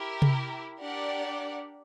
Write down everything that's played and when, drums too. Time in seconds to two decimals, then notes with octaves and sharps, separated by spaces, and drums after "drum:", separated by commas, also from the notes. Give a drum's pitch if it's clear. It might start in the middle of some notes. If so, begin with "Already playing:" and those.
Already playing: E4 G4 A#4
0.22 drum: tom C3
0.80 D4 G4 A#4 D5 F#5